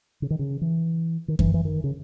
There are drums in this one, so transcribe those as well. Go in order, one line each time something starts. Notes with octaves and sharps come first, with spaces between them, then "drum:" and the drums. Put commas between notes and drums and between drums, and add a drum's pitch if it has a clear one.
C#3
D#3
C#3
E3
D#3
E3, drum: kick F#2
E3
D#3
C#3